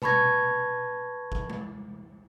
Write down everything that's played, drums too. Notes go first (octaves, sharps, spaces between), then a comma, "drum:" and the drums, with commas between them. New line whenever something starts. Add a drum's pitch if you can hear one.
B4 A5 B5 C#6 G#6 A#6, drum: tom B2
drum: kick
drum: tom G#3